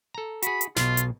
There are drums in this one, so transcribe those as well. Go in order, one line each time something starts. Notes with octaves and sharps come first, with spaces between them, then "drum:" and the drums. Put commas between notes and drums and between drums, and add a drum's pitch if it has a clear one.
A4 A#5
F#4 G#4 B5, drum: hi-hat
drum: hi-hat
B1 B2 F4, drum: snare
drum: hi-hat